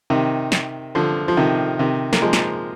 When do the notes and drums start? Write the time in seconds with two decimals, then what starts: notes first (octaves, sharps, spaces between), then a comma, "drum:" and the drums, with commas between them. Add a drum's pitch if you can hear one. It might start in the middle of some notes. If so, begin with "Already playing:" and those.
0.10 C3 D#3
0.52 drum: snare
0.95 D3 F3
1.28 F3
1.37 C3 D#3
1.79 C3 D#3
2.13 A#3, drum: snare
2.22 F3 G#3
2.33 drum: snare